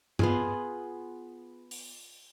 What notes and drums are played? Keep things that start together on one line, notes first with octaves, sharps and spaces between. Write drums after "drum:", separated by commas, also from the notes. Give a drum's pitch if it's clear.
B3 F4 G#4, drum: tom G2
drum: open hi-hat